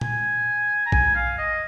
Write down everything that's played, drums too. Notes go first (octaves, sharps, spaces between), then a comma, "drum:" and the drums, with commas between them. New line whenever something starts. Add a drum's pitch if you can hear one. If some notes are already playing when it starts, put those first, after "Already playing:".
G#5, drum: tom A#2
A#5
G#5, drum: kick A#1
F5
D#5